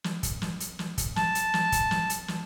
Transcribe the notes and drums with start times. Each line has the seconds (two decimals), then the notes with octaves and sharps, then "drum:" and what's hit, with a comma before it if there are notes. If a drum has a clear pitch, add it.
0.04 drum: snare
0.23 drum: kick, hi-hat
0.42 drum: snare
0.60 drum: hi-hat
0.79 drum: snare
0.98 drum: kick, hi-hat
1.16 A5, drum: snare
1.35 drum: hi-hat
1.54 drum: snare
1.72 drum: kick, hi-hat
1.91 drum: snare
2.10 drum: hi-hat
2.28 drum: snare